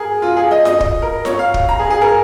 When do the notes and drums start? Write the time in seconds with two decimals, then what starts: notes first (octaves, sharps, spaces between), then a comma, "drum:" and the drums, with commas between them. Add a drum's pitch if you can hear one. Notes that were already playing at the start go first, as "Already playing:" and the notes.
Already playing: G#4 A#4
0.22 F4
0.37 G#4
0.51 D#5
0.65 D#5, drum: snare F4
0.80 drum: kick
1.02 A#4
1.25 C#5, drum: snare F4
1.39 F5
1.54 drum: kick
1.69 A#5
1.79 G#4
1.90 G#4
2.01 A#4